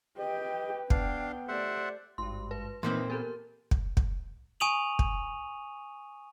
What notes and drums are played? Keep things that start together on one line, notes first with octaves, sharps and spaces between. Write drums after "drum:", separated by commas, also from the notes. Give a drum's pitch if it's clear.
G4 B4 D#5 G5
B3 D4 F5 G5, drum: kick
A3 G4 C5 D5 E5 F#5
G#1 G2 C6
B4
A#2 E3 A#3 C4 D#4 B4 C6
B3 G4 A4 A#4
drum: kick
drum: kick
G#5 C#6 D#6 D#7 F7 F#7
drum: kick